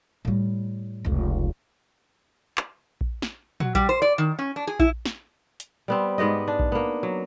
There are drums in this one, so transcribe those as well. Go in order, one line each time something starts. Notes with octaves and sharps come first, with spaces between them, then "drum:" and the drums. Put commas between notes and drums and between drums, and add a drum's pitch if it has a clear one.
A2 G3
F1 C#2
drum: clap
drum: kick A#1
drum: snare
F#3, drum: tom A#2
G3, drum: kick A#1
C5
D5
D#3
C#4
D4
G#4
E4, drum: kick A#1
drum: snare
drum: hi-hat
G3 B3 C4
G#2 B3 G4 D#5
D4
drum: kick A#1
A#3 B3
F#3